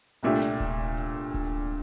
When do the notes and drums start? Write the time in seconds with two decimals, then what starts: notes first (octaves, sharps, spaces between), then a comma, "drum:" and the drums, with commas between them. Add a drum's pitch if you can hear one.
0.23 C2 A#2 A3 D4 G4, drum: hi-hat
0.42 drum: snare
0.60 drum: kick D1, hi-hat
0.97 drum: hi-hat
1.34 drum: kick D1, open hi-hat